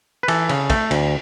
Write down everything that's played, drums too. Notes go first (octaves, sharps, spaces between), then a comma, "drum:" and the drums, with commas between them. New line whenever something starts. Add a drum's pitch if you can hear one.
B4
E3 A4, drum: cymbal
C#3, drum: cymbal
A3, drum: kick, cymbal
D2, drum: cymbal